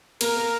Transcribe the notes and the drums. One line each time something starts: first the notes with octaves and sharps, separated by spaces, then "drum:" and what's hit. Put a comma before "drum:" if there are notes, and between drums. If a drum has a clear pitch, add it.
A#3 A#4, drum: cymbal
A#3